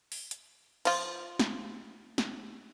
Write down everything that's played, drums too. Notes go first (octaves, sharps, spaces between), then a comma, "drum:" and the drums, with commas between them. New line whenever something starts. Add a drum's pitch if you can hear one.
drum: open hi-hat
drum: hi-hat
F3 F4, drum: cymbal
drum: snare
drum: snare